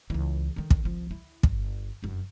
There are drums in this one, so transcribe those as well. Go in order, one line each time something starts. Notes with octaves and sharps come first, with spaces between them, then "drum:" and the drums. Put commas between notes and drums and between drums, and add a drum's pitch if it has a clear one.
C#2 E3
D3 D#3
drum: kick
C2 F3
E4
G1, drum: kick
F1 F#2